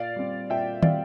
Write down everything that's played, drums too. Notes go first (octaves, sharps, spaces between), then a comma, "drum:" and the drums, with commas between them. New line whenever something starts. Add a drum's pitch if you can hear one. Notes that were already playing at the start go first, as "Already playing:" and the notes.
Already playing: A#2 D5 F5
G3 C4
A#2 E5 G5
G3 C4 D5 F5, drum: tom